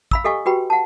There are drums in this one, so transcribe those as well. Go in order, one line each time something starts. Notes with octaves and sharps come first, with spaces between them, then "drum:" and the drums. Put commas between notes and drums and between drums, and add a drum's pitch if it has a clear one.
F5 B5 E6, drum: kick
G4 A4 D#5 F5 G#5 C#6
F#4 G4 B4 G5 B5
F#5 A5